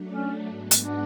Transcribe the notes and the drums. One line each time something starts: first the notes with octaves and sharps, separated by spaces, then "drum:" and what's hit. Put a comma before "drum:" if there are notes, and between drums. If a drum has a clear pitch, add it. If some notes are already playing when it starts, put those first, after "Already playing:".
Already playing: F#3 A3 D4
C#4
G#2 G#3 B3 F#4
drum: hi-hat
D4